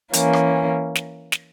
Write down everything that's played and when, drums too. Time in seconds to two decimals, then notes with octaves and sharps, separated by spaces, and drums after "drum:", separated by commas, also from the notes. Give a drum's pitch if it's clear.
0.13 E3 A#3 C#4, drum: hi-hat
0.33 drum: rim click
0.95 drum: snare
1.32 drum: snare